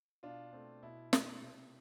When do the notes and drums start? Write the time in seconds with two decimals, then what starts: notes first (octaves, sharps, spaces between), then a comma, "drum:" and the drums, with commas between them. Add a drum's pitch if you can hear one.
0.23 B2 D4 F4
0.52 A3 C4
0.82 B2 E4
1.13 A3 C4, drum: snare
1.43 C3